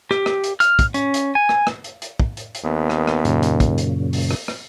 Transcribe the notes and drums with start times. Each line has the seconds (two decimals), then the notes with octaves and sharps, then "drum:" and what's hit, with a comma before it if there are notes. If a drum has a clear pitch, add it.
0.11 G4, drum: rim click
0.26 drum: rim click
0.44 drum: hi-hat
0.60 F6, drum: hi-hat
0.79 drum: kick, hi-hat
0.94 C#4, drum: hi-hat
1.14 drum: hi-hat
1.35 G#5
1.49 drum: rim click
1.67 drum: rim click
1.84 drum: hi-hat
2.02 drum: hi-hat
2.20 drum: kick
2.37 drum: hi-hat
2.55 drum: hi-hat
2.64 D#2 B3
2.90 drum: rim click
3.07 drum: rim click
3.25 F#2 A#2 C#3, drum: hi-hat
3.43 drum: hi-hat
3.60 drum: kick, hi-hat
3.78 drum: hi-hat
4.13 drum: open hi-hat
4.31 drum: rim click
4.48 drum: rim click